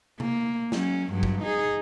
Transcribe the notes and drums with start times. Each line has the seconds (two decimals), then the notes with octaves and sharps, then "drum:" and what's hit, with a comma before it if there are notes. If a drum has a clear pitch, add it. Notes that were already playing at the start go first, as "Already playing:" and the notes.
0.20 A#3, drum: tom C3
0.72 F#3 C#4, drum: snare
1.12 G2 F#3
1.23 drum: kick
1.42 D#4 G#4